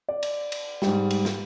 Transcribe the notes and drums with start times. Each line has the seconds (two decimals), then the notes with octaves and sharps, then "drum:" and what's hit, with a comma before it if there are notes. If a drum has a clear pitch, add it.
0.09 D5
0.23 drum: cymbal
0.52 drum: cymbal
0.82 G#2 G3, drum: snare
1.10 drum: cymbal
1.25 drum: snare